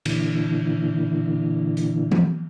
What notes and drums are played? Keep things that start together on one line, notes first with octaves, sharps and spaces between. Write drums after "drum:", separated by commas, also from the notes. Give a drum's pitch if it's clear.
A#2 D3 E3, drum: cymbal
drum: hi-hat
drum: tom E3